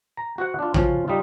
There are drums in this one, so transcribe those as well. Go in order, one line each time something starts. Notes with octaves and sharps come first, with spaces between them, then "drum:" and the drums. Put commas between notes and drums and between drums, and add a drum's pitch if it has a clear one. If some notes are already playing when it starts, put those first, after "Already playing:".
A#5
F#4 C5 F#5
D4 F4
F3 C#4 F4 F#4, drum: kick
G3 D#4 F4